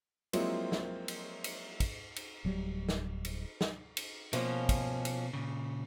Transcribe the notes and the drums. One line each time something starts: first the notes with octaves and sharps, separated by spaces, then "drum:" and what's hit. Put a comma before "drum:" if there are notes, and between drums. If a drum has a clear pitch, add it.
F3 F#3 G#3 A#3 C4 E4, drum: cymbal
drum: snare
drum: cymbal
drum: cymbal
drum: kick, cymbal
drum: cymbal
D1 F#3 G3
drum: snare
drum: cymbal
drum: snare
drum: cymbal
B2 F3 A#3 C#4, drum: cymbal
drum: kick, cymbal
drum: cymbal
A#2 C#3